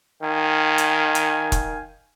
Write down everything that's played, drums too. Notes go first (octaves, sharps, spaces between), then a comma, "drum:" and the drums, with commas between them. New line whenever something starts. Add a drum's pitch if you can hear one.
D#3 F5 G5 G#5
drum: hi-hat
drum: hi-hat
drum: kick E1, hi-hat